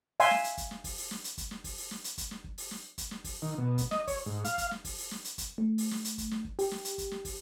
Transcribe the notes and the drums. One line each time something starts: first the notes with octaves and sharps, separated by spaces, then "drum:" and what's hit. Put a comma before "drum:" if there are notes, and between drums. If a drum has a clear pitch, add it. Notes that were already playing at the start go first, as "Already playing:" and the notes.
E5 F5 G#5 C6, drum: open hi-hat
drum: snare
drum: hi-hat
drum: kick, hi-hat
drum: snare
drum: kick, open hi-hat
drum: open hi-hat
drum: snare
drum: hi-hat
drum: kick, hi-hat
drum: snare
drum: kick, open hi-hat
drum: open hi-hat
drum: snare
drum: hi-hat
drum: kick, hi-hat
drum: snare
drum: kick
drum: open hi-hat
drum: snare
drum: kick, hi-hat
drum: snare
drum: kick, open hi-hat
D#3
B2
drum: kick, hi-hat
D#5, drum: snare
C#5, drum: kick, open hi-hat
G#2
F5, drum: hi-hat
drum: kick, hi-hat
drum: snare
drum: kick, open hi-hat
drum: open hi-hat
drum: snare
drum: hi-hat
drum: kick, hi-hat
A3
drum: open hi-hat
drum: snare
drum: hi-hat
drum: kick, hi-hat
drum: snare
drum: kick
G4, drum: open hi-hat
drum: snare
drum: hi-hat
drum: kick, hi-hat
drum: snare
drum: kick, open hi-hat